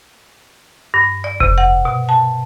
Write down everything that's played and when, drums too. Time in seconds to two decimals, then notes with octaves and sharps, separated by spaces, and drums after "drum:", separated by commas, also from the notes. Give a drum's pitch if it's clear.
0.94 G2
1.24 D5
1.40 C3, drum: kick F1
1.58 F#5
1.85 B2
2.09 A5